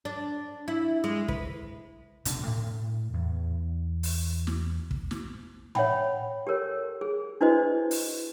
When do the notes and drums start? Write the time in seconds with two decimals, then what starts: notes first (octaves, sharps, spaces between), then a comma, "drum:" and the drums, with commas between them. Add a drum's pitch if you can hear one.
0.05 D4
0.68 E4
1.04 G#3
1.28 B4, drum: kick
2.25 F1 B2 D3 D4, drum: hi-hat
2.47 A2
3.14 E2
4.03 drum: open hi-hat
4.47 drum: snare
4.91 drum: kick
5.11 drum: snare
5.75 C#5 E5 F#5 G5 B5, drum: tom A2
6.47 G4 A4 A#4 C#5
7.01 G#4
7.41 D4 E4 F#4 B4 C5 D#5
7.91 drum: open hi-hat